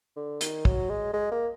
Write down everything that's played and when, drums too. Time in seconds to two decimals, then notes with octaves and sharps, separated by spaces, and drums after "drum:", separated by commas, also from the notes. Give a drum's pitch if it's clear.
0.16 D3
0.41 D#3, drum: hi-hat
0.65 F#3, drum: kick
0.90 G#3
1.14 G#3
1.32 A#3